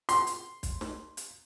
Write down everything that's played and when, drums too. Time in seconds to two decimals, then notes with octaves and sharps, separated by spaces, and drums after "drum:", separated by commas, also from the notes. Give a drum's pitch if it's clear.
0.09 C6, drum: hi-hat
0.27 drum: hi-hat
0.63 drum: kick, hi-hat
0.81 drum: snare
1.17 drum: hi-hat